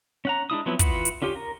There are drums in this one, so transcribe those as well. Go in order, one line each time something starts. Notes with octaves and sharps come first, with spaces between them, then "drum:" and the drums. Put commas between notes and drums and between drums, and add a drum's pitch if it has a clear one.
C#4 F#5 A#5
G#3 D4 E4 D#6
F3 F#3 B3 C4 E4
E3 F4 F#4 F#5 B5, drum: kick, hi-hat
drum: hi-hat
D3 C#4 F4 G4
A#4